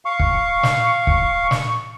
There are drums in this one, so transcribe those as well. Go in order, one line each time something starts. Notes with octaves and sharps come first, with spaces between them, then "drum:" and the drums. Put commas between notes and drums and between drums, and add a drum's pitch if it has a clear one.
F5 C#6
drum: kick
drum: snare
drum: kick
drum: snare